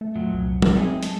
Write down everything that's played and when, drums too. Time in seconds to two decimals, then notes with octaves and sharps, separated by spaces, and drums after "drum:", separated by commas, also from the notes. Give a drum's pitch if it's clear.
0.01 A3
0.15 F2 A#2 F#3
0.34 C2
0.62 drum: tom F#3
0.76 C4 D#4 E4 G#4
1.03 G#3 A4, drum: hi-hat